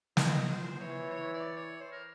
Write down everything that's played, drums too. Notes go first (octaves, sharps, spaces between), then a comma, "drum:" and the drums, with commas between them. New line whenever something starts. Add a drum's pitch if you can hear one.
E3 D#5, drum: snare
F3 C5
E3 C#5
C#5
D5
C#5
C5
A#4